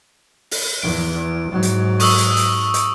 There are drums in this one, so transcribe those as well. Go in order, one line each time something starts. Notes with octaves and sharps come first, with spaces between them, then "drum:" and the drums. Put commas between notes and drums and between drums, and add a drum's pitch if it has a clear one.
drum: open hi-hat
E2 D7
G#2 F#3
drum: hi-hat
C#6 D#6 E6, drum: open hi-hat
drum: hi-hat
drum: hi-hat
drum: hi-hat